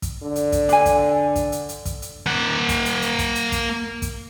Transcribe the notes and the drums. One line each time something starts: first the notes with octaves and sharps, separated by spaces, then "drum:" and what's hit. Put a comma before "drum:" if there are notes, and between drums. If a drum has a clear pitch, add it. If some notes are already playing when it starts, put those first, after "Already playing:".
drum: kick, hi-hat
D3
drum: hi-hat
drum: kick, hi-hat
D4 G#5, drum: hi-hat
drum: kick, hi-hat
drum: kick, hi-hat
drum: hi-hat
drum: hi-hat
drum: kick, hi-hat
drum: hi-hat
A#3 F#5
drum: kick, hi-hat
drum: hi-hat
drum: hi-hat
drum: kick, hi-hat
drum: hi-hat
drum: kick, hi-hat
drum: kick, hi-hat